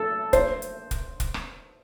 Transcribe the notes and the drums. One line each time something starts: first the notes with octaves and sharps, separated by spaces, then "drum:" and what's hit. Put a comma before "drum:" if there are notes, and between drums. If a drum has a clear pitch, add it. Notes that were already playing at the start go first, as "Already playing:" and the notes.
Already playing: A4
C5, drum: kick, hi-hat
drum: hi-hat
drum: kick, hi-hat
drum: kick, hi-hat
drum: rim click